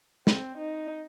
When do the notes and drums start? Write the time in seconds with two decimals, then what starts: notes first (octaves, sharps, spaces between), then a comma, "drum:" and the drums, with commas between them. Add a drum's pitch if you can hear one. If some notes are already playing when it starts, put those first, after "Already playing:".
0.27 C4, drum: snare
0.58 D#4